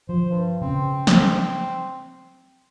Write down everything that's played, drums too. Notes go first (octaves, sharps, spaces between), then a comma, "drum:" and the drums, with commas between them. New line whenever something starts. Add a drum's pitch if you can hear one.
F3 C5
G2
C#3 C4
drum: snare